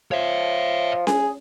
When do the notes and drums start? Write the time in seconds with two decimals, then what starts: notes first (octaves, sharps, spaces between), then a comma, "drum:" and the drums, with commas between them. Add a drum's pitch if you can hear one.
0.11 F3 C#5 E5
1.07 G#4, drum: snare C#4